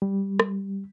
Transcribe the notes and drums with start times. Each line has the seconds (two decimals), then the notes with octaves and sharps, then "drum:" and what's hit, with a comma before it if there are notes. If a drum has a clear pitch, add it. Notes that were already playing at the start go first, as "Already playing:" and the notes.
0.02 G3
0.40 drum: rim click